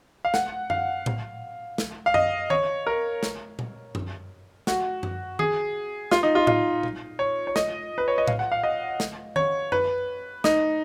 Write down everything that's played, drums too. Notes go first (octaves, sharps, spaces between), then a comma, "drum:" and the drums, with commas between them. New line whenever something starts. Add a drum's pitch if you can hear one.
F5
F#5, drum: snare
F5, drum: tom F#2
drum: tom A2
drum: snare
F5
D#5, drum: tom F#2
C#5, drum: tom D#3
A#4
drum: snare
drum: tom A#2
drum: tom F#2
F#4, drum: snare
drum: tom F#2
G#4, drum: tom D#3
F4, drum: snare
D#4
F4
F4, drum: tom A2
drum: tom A#2
C#5
C#5
D#5, drum: snare
B4
C#5
D#5
F5, drum: tom A2
F#5
F5
D#5
drum: snare
C#5, drum: tom D#3
B4, drum: tom F#2
D#4, drum: snare